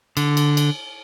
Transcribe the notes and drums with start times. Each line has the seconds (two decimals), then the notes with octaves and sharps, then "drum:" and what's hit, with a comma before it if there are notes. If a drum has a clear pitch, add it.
0.17 D3, drum: cymbal
0.37 drum: cymbal
0.57 drum: cymbal